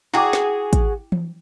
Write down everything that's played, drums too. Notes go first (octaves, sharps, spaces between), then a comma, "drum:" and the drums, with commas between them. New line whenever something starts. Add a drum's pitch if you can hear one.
E4 F#4 G#4 G5 D6
drum: snare
drum: kick, hi-hat
drum: tom E3